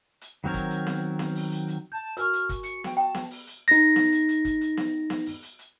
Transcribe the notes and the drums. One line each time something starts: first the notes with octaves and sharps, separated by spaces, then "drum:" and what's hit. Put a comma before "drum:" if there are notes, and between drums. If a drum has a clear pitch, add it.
drum: hi-hat
D#3 F#3 C4 A#4 C#5
drum: kick, hi-hat
drum: hi-hat
drum: snare B3
drum: snare B3
drum: open hi-hat
drum: hi-hat
drum: hi-hat
A5 G6
F#4 A#4 G#5 C#6 F6, drum: hi-hat
drum: hi-hat
drum: kick, hi-hat
C#7, drum: hi-hat
G5, drum: snare B3
G5 A5
drum: snare B3
drum: open hi-hat
drum: hi-hat
D#4 A#6
drum: snare B3
drum: hi-hat
drum: hi-hat
drum: kick, hi-hat
drum: hi-hat
drum: snare B3
drum: snare B3
drum: open hi-hat
drum: hi-hat
drum: hi-hat